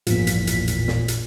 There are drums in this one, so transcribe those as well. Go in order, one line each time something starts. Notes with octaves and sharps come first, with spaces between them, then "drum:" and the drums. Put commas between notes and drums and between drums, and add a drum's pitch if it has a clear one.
A1 E2 G2 A#2 F3 B6, drum: hi-hat
drum: hi-hat
drum: hi-hat
drum: hi-hat
drum: snare
drum: hi-hat